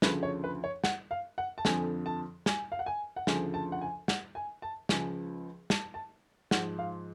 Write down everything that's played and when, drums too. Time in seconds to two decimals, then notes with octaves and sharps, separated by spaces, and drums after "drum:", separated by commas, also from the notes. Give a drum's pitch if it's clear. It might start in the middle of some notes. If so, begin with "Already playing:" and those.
0.02 D2 C#3 F3 B4, drum: snare
0.23 C#5
0.44 B4
0.64 C#5
0.84 F#5, drum: snare
1.11 F5
1.38 F#5
1.58 A5
1.65 F2 D3 F3 G#5, drum: snare
2.06 A5
2.46 G#5, drum: snare
2.72 F5
2.79 F#5
2.86 G#5
3.16 F#5
3.27 D2 C#3 F3 G#5, drum: snare
3.54 A5
3.72 F#5
3.81 G#5
4.08 F#5, drum: snare
4.35 G#5
4.62 A5
4.89 C#2 C#3 F3 G#5, drum: snare
5.70 A5, drum: snare
5.94 A5
6.51 G#2 F3 F#5, drum: snare
6.79 F5